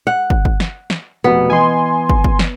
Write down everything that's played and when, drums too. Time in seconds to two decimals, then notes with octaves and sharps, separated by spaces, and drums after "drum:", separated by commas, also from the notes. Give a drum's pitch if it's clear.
0.07 F#5
0.30 drum: kick
0.45 drum: kick
0.60 drum: snare
0.90 drum: snare
1.24 F1 B2 B3
1.50 E3 D#5 G#5 C6
2.09 drum: kick
2.24 drum: kick
2.39 drum: snare